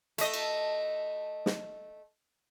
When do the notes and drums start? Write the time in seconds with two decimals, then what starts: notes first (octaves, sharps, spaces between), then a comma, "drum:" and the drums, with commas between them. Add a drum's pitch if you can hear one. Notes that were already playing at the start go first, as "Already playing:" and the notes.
0.18 A3 D#5, drum: hi-hat
0.33 drum: cymbal
1.46 drum: snare